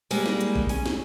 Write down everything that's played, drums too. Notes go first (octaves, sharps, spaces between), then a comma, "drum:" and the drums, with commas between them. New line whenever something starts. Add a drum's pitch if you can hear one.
G3 G#3 A#3, drum: open hi-hat
drum: snare
drum: hi-hat
drum: kick
C#4, drum: open hi-hat
drum: snare